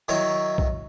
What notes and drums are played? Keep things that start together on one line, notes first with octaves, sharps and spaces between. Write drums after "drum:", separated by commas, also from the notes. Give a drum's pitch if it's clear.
D#3 F#3 E4 C#5
drum: kick